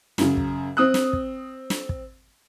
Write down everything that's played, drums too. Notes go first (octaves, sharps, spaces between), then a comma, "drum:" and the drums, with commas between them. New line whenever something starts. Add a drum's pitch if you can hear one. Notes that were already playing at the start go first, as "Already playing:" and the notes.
F#2 C#3, drum: snare
drum: kick
C4 D#6 F#6
drum: snare
drum: kick
drum: snare
drum: kick